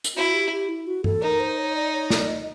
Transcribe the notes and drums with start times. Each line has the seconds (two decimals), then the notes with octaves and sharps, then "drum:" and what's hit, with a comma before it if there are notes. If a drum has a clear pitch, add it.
0.04 drum: hi-hat
0.16 E4 F#4
0.34 G4
0.52 G4
0.69 E4
0.87 F#4
1.04 A4, drum: tom G2
1.21 D#4 A#4
1.40 C5
1.58 C#5
1.76 D5
1.92 C#5
2.10 D5, drum: snare
2.27 D#5